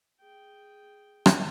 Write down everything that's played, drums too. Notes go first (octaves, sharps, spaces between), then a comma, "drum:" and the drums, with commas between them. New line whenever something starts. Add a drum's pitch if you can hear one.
G#4 G5
drum: rim click